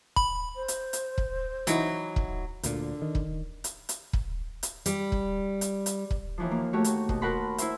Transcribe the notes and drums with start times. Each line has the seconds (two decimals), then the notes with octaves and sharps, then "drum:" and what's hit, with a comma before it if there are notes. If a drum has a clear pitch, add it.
0.16 B5, drum: kick
0.56 C5
0.68 drum: hi-hat
0.93 drum: hi-hat
1.18 drum: kick
1.67 E3 F#3 D#4 E4, drum: hi-hat
2.16 drum: kick
2.63 D2 A#2 D3, drum: hi-hat
3.02 D#3
3.15 drum: kick
3.64 drum: hi-hat
3.89 drum: hi-hat
4.13 drum: kick
4.63 drum: hi-hat
4.86 G3, drum: hi-hat
5.12 drum: kick
5.61 drum: hi-hat
5.86 drum: hi-hat
6.11 drum: kick
6.38 D#2 E3 F3
6.51 A#3
6.73 A3 F#4 G4 C#5
6.84 drum: hi-hat
7.09 B2, drum: kick
7.22 F#4 A#4 F#5 A5 B5 C6
7.58 E4 C5 E5, drum: hi-hat